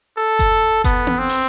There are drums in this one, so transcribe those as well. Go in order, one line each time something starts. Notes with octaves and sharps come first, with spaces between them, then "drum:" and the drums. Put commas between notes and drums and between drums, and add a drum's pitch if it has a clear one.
A4
drum: kick F#1, hi-hat
B3, drum: kick F#1, hi-hat
drum: tom B3
C4
drum: open hi-hat